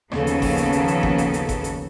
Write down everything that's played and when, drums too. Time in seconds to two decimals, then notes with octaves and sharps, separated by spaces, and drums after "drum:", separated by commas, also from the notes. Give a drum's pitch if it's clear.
0.12 D#2 C#3 F3 B3 A4, drum: rim click
0.27 drum: hi-hat
0.42 drum: kick G1, open hi-hat
0.57 drum: hi-hat
0.73 drum: hi-hat
0.88 drum: hi-hat
1.03 drum: kick G1
1.18 drum: hi-hat
1.33 drum: hi-hat
1.49 drum: kick G1, hi-hat
1.64 drum: hi-hat